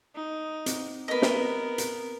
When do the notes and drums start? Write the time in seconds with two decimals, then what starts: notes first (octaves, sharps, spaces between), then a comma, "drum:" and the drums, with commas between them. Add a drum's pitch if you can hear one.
0.15 D#4
0.66 C4, drum: hi-hat
1.08 B3 A#4 B4 D#5
1.22 drum: snare
1.78 drum: hi-hat